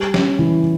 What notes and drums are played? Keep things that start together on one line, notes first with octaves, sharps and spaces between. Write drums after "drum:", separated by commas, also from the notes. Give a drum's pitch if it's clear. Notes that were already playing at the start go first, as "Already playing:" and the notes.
Already playing: G3
C#4, drum: snare
E3